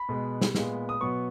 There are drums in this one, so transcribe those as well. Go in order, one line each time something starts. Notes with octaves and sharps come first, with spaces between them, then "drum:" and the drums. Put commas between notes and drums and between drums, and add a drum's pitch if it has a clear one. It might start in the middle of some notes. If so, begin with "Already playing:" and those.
Already playing: B5
B2 G#3 B3
drum: snare
A#2 G#3 B3, drum: snare
D#6
B2 F#3 B3 C#6